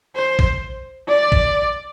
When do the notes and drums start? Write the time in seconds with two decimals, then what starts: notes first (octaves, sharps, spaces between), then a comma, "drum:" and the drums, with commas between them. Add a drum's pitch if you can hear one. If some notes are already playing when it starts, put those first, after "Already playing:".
0.16 C5
0.39 drum: kick
1.09 D5
1.32 drum: kick